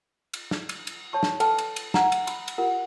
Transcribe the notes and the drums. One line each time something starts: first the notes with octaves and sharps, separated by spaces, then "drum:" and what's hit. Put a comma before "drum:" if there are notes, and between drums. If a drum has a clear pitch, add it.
drum: cymbal
drum: snare
drum: cymbal
drum: cymbal
C#5 A5 C#6
drum: snare
A4 B4 G5 A5, drum: cymbal
drum: cymbal
drum: cymbal
F#5 A#5, drum: snare
drum: cymbal
B5, drum: cymbal
drum: cymbal
F4 G4 A#4 F#5